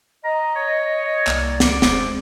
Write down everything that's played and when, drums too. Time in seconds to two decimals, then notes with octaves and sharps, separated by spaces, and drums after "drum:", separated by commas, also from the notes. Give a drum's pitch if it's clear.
0.24 D#5 A#5
0.56 C#5
1.27 C2 A#3 D5, drum: clap
1.60 C#2 D6, drum: snare
1.82 E1 G#3 C4, drum: snare